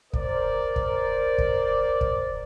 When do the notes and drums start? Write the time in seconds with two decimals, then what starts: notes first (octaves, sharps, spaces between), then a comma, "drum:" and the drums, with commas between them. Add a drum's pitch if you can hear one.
0.13 A#4 C5 D5, drum: kick
0.76 drum: kick
1.38 drum: kick
2.01 drum: kick